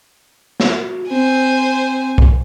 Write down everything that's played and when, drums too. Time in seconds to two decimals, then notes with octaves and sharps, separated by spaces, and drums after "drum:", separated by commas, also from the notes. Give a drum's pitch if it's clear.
0.60 F#4, drum: snare
1.10 C4 C5 G#5
2.18 drum: kick